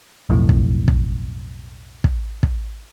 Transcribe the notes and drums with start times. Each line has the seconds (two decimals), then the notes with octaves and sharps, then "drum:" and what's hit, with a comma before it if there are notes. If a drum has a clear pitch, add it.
0.30 B1 F2 A2
0.49 drum: kick
0.88 drum: kick
2.04 drum: kick
2.43 drum: kick